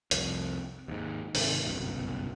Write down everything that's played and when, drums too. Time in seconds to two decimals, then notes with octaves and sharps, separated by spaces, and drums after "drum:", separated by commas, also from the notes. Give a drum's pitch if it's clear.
0.11 C2 F2, drum: hi-hat
0.88 D#2 G#2
1.35 G#2 C3 D#3, drum: open hi-hat
1.65 G1 C2 F#2 B2